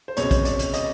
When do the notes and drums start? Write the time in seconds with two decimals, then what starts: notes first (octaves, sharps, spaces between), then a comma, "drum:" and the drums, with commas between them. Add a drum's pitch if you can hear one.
0.08 C5
0.17 C#2 B2 G#3 C4 C#5, drum: hi-hat
0.31 drum: kick, hi-hat
0.45 D5, drum: hi-hat
0.59 drum: hi-hat
0.74 D#5, drum: hi-hat